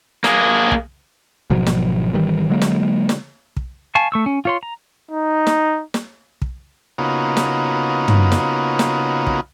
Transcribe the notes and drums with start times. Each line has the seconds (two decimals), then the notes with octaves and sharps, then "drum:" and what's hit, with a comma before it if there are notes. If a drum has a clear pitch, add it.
0.24 A#3 G#4, drum: snare
0.71 drum: kick
1.50 G#1 B2 F3 F#3
1.66 drum: snare
2.14 G#1 D#3 E3 G3
2.50 D3 F#3 G#3 A#3
2.62 drum: snare
3.09 drum: snare
3.57 drum: kick
3.95 F5 G#5 A5 C#6
4.12 A3 C#6 E6
4.26 C#4
4.45 F4 C#5 C6
4.63 A#5
5.11 D#4
5.47 drum: snare
5.94 drum: snare
6.42 drum: kick
6.98 C#3 A#3 B3 D#4 F4 F#4
7.37 drum: snare
8.08 drum: tom
8.32 drum: snare
8.79 drum: snare
9.27 drum: kick